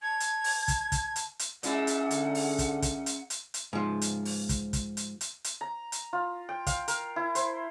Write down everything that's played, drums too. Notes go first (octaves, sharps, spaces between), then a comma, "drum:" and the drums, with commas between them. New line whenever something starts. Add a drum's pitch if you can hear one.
A5 G#6
drum: hi-hat
drum: open hi-hat
drum: kick, hi-hat
drum: kick, hi-hat
drum: hi-hat
drum: hi-hat
A#2 G#3 C#4 E4 F#5, drum: hi-hat
drum: hi-hat
D3, drum: hi-hat
drum: open hi-hat
drum: kick, hi-hat
drum: kick, hi-hat
drum: hi-hat
drum: hi-hat
drum: hi-hat
G#2 F3
drum: hi-hat
drum: open hi-hat
drum: kick, hi-hat
drum: kick, hi-hat
drum: hi-hat
drum: hi-hat
drum: hi-hat
A#5
drum: hi-hat
F4
G5
F5, drum: kick, hi-hat
A#4, drum: hi-hat
E4
C5, drum: hi-hat